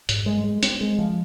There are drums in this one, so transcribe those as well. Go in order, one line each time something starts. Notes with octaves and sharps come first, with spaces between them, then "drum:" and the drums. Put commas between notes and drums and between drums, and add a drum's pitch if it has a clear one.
G#2, drum: hi-hat
G#3
G#3
C4, drum: hi-hat
G#3
F3